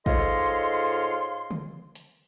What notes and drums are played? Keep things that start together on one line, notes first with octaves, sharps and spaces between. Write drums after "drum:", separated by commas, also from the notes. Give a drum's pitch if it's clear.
G#2 F4 A4 C#5 D#5 C6, drum: kick
drum: tom C#3
drum: hi-hat